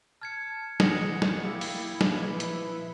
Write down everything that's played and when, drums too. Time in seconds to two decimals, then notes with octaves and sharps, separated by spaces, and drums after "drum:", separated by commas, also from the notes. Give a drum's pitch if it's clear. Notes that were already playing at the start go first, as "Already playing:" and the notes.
0.22 A5 F6 G#6 C#7
0.80 E3 F#5 D#6 A#6 C#7, drum: snare
1.22 drum: snare
1.45 A#3 E4 G4
1.61 drum: open hi-hat
2.01 drum: snare
2.20 A#2 F3 B4
2.40 drum: hi-hat